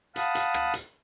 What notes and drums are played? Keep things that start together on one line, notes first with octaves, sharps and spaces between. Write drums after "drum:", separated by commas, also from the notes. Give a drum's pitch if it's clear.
F5 F#5 A5 B5 D#6, drum: hi-hat
drum: hi-hat
drum: rim click
drum: hi-hat